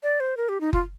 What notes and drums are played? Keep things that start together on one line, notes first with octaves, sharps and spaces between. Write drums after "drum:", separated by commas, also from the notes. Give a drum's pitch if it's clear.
D5
C5
A#4
G4
D#4
F4, drum: kick F#1